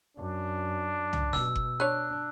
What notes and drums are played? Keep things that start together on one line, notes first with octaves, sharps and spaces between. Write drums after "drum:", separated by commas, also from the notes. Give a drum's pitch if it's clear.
F#2 D4
drum: tom C2
B2 E6, drum: snare
drum: kick F#1
D4 B4 C#5 F#6